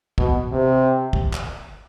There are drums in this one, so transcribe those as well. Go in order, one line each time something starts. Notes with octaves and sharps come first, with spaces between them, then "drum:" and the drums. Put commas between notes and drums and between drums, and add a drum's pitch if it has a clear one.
B2, drum: kick
C3
drum: kick
drum: clap